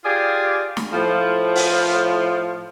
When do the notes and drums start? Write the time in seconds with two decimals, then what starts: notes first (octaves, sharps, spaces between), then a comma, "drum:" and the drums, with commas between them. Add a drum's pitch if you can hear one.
0.05 F4 G4 G#4 D5 F5
0.77 drum: snare
0.93 A2 F3
1.56 drum: open hi-hat